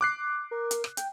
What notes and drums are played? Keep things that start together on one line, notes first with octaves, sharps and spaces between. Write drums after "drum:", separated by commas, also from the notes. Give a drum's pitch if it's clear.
D6 F#6 C7
A#4
drum: hi-hat
drum: rim click
G5, drum: hi-hat